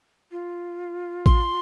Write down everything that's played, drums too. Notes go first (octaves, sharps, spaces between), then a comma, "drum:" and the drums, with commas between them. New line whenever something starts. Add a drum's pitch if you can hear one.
F4
C6, drum: kick A1